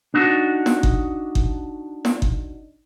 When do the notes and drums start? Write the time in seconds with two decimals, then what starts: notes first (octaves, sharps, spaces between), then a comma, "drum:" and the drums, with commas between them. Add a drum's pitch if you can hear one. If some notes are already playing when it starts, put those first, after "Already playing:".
0.14 D4 D#4 F#4
0.66 drum: snare
0.83 drum: kick G1
1.35 drum: kick G1
2.05 drum: snare
2.22 drum: kick G1